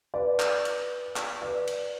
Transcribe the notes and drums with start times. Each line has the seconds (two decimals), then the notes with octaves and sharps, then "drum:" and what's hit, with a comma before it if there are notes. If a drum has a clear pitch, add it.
0.14 B4 D5
0.39 drum: clap
0.65 drum: cymbal
1.16 drum: clap
1.42 B4 D5
1.67 drum: cymbal